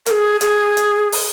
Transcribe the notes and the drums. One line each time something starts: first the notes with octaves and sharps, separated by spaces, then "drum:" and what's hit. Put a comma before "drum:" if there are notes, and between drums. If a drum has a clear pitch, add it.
A#4, drum: hi-hat
G#4
G#4, drum: hi-hat
drum: hi-hat
drum: open hi-hat